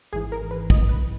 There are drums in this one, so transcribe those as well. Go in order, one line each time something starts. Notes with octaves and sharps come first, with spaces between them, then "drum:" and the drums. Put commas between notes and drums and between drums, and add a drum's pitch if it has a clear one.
G#1 G#2 E3 G#4
A#4
B4
D#5, drum: kick
B4